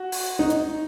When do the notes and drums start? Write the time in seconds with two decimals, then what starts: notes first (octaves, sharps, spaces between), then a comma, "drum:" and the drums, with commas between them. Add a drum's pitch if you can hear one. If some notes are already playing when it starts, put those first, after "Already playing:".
Already playing: F#4
0.12 drum: open hi-hat
0.39 D#4
0.50 drum: hi-hat